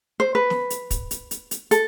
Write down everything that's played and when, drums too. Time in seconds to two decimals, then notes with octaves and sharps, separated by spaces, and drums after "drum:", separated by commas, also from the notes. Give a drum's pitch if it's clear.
0.20 C5
0.35 B4
0.50 drum: snare
0.70 drum: hi-hat
0.91 drum: kick, hi-hat
1.11 drum: hi-hat
1.31 drum: hi-hat
1.51 drum: hi-hat
1.71 A4, drum: hi-hat